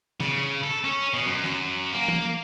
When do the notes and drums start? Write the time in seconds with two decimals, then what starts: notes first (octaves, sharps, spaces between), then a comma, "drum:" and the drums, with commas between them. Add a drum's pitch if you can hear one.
0.20 C#3, drum: snare
0.63 A4
0.84 C#4
1.14 B2
1.26 F#2
1.44 drum: snare
1.93 A#3
2.08 drum: tom E3